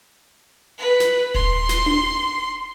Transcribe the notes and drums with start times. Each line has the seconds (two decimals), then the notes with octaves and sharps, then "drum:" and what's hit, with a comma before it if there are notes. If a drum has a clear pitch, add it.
0.78 B4
1.00 drum: snare
1.34 C6, drum: kick D#1
1.69 drum: snare
1.86 drum: tom D4